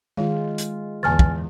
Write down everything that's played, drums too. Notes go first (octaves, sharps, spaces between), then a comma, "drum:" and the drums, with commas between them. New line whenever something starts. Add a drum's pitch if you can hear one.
D#3 G#3 F4 F5
drum: hi-hat
E2 D3 G#5 A5 F6 A6
drum: kick